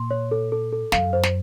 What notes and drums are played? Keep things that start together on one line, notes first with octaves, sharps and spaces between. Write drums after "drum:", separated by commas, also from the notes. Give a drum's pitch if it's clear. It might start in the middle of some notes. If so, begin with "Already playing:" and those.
Already playing: A#2 C6
C#5
A4
A4
A4
F#2 F5, drum: snare
C5
drum: snare